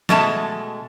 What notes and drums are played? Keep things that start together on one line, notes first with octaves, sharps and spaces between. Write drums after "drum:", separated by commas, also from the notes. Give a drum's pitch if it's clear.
B2 G#3 A3 A5, drum: snare